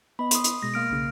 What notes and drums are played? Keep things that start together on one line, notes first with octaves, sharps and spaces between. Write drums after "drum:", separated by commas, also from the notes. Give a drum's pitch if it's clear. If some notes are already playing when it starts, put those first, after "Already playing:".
B3 D#5 B5
C6 D#6, drum: hi-hat
drum: hi-hat
B2 G#3 A#6
A#3 F6 D7
B1 C#3